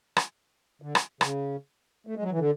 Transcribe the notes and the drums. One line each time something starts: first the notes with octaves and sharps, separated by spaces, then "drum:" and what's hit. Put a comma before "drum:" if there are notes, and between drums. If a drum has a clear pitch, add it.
drum: rim click
D3
drum: rim click
C#3, drum: rim click
A3
G#3
F#3
E3
D3